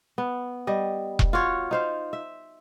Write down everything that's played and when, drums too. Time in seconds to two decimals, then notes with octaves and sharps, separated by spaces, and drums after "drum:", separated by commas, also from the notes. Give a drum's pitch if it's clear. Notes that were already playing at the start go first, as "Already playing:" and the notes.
0.18 B3
0.67 G3 D#5
1.19 drum: kick E1
1.33 F4 F#4 C#5
1.71 D#4 C5 F5
2.13 E5